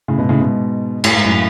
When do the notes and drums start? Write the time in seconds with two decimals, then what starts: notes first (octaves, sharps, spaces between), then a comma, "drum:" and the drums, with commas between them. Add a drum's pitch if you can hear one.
0.08 A2 C#3
0.19 G#2 B2
0.29 A2 C#3
0.40 G#2 B2
1.04 A2, drum: cymbal
1.13 G#2
1.24 F#2 A2